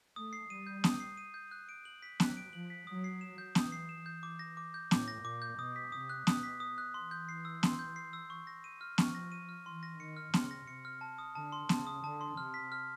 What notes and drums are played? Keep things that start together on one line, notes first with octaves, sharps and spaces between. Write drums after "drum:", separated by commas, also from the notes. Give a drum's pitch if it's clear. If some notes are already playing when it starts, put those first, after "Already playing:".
A3 D#6
C7
G3 D#7
G6
D#6, drum: snare
C7
D#7
G6
F#6
D7
F#7
B6
F#3 F#6, drum: snare
D7
F3 F#7
B6
F#3 D#6
C7
E7
G6
E3 D#6, drum: snare
C7
E7
G6
E3 D6
A#6
D6
G6
A2 D6, drum: snare
A#6
A#2 D6
G6
B2 D#6
B6
C3 D#6
F#6
B2 D#6, drum: snare
B6
D#6
F#6
E3 C6
G6
C7
E6
C6, drum: snare
G6
C7
E6
C#6
A#6
D#7
F6
F3 C#6, drum: snare
A#6
D#7
F6
E3 C6
A#6
D#3 C#7
F6
C#3 C6, drum: snare
A#6
C3 C#7
F6
A5
D#6
D3 A5
C6
C#3 A5, drum: snare
D#6
D3 A5
C6
C3 F6
B6
F6